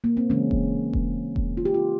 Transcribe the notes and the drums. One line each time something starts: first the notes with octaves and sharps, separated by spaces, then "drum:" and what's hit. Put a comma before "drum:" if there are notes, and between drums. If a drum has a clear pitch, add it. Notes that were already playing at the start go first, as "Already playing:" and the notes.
A#3
C4
C#3 E3 G#3 C#4
drum: kick E1
drum: kick E1
drum: kick E1
F4
G4
F4